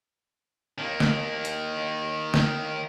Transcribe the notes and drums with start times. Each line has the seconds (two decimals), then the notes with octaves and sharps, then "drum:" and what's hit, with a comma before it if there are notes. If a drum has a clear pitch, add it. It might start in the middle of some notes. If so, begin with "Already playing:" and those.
0.78 D#3 A#3
1.00 drum: snare
1.45 drum: hi-hat
2.34 drum: snare